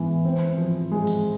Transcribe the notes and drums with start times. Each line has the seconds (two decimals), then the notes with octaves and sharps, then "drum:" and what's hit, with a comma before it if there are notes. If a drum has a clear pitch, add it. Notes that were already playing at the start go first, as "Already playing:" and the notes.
Already playing: E3 G#3 B3
0.25 C4
0.58 F3
0.92 G#3
1.07 drum: open hi-hat